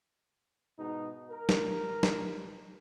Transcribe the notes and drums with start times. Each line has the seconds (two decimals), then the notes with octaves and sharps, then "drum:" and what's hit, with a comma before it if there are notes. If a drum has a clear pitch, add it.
0.79 G#2 B2 D#4
1.31 A#4
1.49 drum: snare
2.03 drum: snare